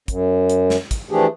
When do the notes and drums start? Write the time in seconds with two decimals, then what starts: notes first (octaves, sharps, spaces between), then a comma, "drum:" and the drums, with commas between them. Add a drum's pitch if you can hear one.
0.08 F#2, drum: kick, hi-hat
0.50 drum: hi-hat
0.70 drum: snare
0.91 drum: kick, hi-hat
1.11 E3 F3 A3 D4 G4 G#4